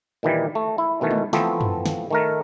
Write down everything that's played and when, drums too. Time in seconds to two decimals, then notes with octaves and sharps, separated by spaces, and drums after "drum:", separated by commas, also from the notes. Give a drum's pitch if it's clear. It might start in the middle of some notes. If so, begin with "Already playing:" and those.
0.23 A#2 D#3 E3 G3
0.55 A3
0.78 E4
1.01 B2 D#3 E3 A3
1.11 drum: tom G3
1.33 E3 F3 A3 B3 C4, drum: snare
1.61 drum: tom F#2
1.86 drum: snare
2.10 D#3 A3 A#4